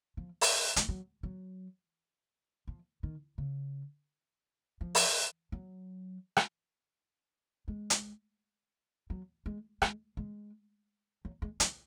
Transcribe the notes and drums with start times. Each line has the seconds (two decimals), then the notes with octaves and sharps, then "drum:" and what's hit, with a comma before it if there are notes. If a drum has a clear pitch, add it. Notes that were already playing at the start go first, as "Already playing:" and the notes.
0.17 F3
0.41 drum: open hi-hat
0.76 G#3, drum: hi-hat
0.89 F#3
1.23 F#3
2.68 F3
3.03 D#3
3.38 C#3
4.81 F3
4.95 drum: open hi-hat
5.52 F#3
6.37 drum: rim click
7.68 G#3
7.90 drum: hi-hat
9.10 F#3
9.46 G#3
9.82 G#3, drum: rim click
10.17 G#3
11.25 F#3
11.42 G#3
11.60 F#3, drum: hi-hat